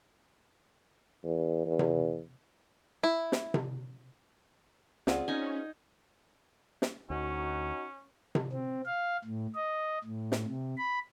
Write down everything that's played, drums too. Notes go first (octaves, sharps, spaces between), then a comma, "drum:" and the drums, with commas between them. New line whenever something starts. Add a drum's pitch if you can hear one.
E2
E2
drum: tom C3
E4
drum: snare
drum: tom C3
C#2 C4 F4 G#4 D5 F#5, drum: snare
C#4 D#4 G#5
drum: snare
D2 C#4 D#4 F#4
drum: tom C3
C4
F5
A2
D#5
A2
drum: snare
C3
B5